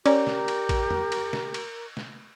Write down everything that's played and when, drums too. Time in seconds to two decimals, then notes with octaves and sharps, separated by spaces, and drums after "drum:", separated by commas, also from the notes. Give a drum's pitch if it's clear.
0.06 C#4 G4 A#4 D5 A#5, drum: cymbal
0.27 drum: snare
0.48 drum: cymbal
0.69 drum: kick A1, cymbal
0.91 drum: tom
1.12 drum: cymbal
1.33 drum: snare
1.54 drum: cymbal
1.97 drum: snare